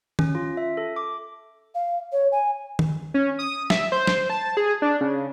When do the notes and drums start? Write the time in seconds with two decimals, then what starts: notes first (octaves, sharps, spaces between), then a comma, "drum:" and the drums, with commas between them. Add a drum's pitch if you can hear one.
0.19 C#4, drum: tom D#3
0.35 F4
0.57 E5
0.77 A4
0.96 D6
1.74 F5
2.12 C#5
2.32 G#5
2.79 drum: tom D#3
3.14 C#4
3.39 D#6
3.70 E5, drum: snare
3.92 C5
4.07 drum: snare
4.30 A5
4.57 G#4
4.82 D4
5.01 C#3